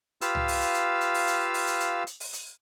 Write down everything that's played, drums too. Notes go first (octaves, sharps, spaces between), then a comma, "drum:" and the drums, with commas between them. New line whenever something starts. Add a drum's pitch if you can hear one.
F4 G4 B4 F5 E6, drum: hi-hat
drum: tom C2
drum: open hi-hat
drum: hi-hat
drum: hi-hat
drum: hi-hat
drum: open hi-hat
drum: hi-hat
drum: open hi-hat
drum: hi-hat
drum: hi-hat
drum: hi-hat
drum: open hi-hat
drum: hi-hat